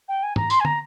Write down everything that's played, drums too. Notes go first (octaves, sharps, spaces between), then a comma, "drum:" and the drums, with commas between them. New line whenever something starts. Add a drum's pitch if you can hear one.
G5
G#5
A#5, drum: tom G#2
C6, drum: tambourine
G#5
A#5, drum: tom